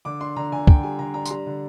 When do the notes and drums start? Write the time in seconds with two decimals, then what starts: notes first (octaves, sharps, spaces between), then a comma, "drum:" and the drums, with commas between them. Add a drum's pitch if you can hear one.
0.05 D3 D6
0.20 D4 C6
0.36 D3 A#5
0.52 D3 G#5
0.67 D3 G5, drum: kick
0.83 G3 G#5
0.99 D3 A#5
1.14 D4 A#5
1.25 C6, drum: tambourine
1.30 G3 A#5
1.46 D3